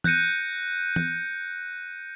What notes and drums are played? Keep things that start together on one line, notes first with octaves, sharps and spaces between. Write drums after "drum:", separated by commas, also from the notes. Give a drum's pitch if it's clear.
F#6 G6 A#6 C#7 D#7, drum: tom
drum: tom